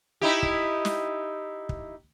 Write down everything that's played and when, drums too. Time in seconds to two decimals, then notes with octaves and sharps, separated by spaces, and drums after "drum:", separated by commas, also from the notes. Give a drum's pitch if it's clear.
0.21 D#4 E4 G4
0.43 drum: kick
0.85 drum: snare
1.69 drum: kick